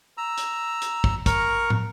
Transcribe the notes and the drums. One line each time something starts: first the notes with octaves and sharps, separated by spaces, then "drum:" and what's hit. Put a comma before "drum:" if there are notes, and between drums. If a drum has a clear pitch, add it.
A#5 E6
drum: hi-hat
drum: hi-hat
drum: kick
A#4 A#5 C#6, drum: kick, hi-hat
drum: tom